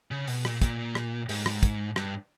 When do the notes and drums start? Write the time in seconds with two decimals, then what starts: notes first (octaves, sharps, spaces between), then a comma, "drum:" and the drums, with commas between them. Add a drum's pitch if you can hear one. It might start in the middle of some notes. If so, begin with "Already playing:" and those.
0.11 C#3
0.28 B2, drum: open hi-hat
0.45 A#2, drum: rim click
0.62 A#2, drum: kick, hi-hat
0.95 drum: rim click
1.29 G#2, drum: open hi-hat
1.46 drum: rim click
1.63 drum: kick, hi-hat
1.96 G2, drum: rim click